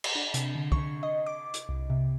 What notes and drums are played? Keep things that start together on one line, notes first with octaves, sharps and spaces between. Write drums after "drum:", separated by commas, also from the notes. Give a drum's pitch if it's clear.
drum: cymbal
D4
C3, drum: hi-hat
D3
C#6, drum: kick
D#5
D6
drum: hi-hat
C2
C3